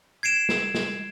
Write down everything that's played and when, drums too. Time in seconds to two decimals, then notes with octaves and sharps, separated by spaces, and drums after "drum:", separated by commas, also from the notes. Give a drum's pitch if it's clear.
0.23 G#6 C7 D7 E7
0.49 drum: snare
0.75 drum: snare